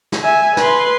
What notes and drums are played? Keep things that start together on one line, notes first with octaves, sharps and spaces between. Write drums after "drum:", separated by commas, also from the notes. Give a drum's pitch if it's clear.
drum: snare
E5 G#5
B4 C6, drum: snare